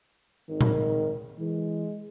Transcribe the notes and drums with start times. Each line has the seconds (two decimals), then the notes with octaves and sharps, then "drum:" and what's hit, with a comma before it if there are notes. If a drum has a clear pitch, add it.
0.49 G#1 D#3
0.61 drum: tom A#2
1.39 E3 G#3